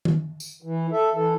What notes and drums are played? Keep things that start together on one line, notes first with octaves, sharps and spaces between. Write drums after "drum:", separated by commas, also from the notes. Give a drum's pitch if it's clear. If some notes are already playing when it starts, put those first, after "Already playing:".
drum: tom D#3
drum: tambourine
E3
A4 E5
E3 A4